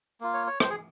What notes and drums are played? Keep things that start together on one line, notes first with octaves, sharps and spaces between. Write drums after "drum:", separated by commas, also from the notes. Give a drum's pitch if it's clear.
A#3 F4
C#5
C#5
C5, drum: rim click
G#4